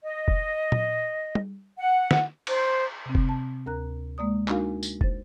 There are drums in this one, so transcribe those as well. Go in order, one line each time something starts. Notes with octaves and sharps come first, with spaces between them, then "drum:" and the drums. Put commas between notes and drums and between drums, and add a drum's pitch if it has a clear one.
D#5
drum: kick F1
drum: tom
drum: tom
F#5
drum: snare
C5, drum: cymbal
C3 C4
drum: kick F1
A5
D2 A#4 A#5 F#6
G#3 A#3 D5 D#6
D4 D#4 F#4 A#4 F5 G#5, drum: clap
drum: tambourine
C5 A6, drum: kick F1